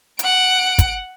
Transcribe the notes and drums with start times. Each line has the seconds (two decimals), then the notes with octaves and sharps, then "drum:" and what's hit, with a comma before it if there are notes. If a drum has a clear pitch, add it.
0.19 F#5 D7, drum: hi-hat
0.79 drum: kick, hi-hat